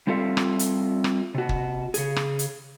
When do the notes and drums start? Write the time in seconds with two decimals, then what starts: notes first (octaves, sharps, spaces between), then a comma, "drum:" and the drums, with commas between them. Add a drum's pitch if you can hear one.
0.07 G3 C4 F4 A4 E5 F5
0.37 drum: rim click
0.59 drum: hi-hat
1.04 drum: rim click
1.35 C3 F#4
1.49 drum: kick
1.94 C#3 G#4, drum: hi-hat
2.16 drum: rim click
2.39 drum: hi-hat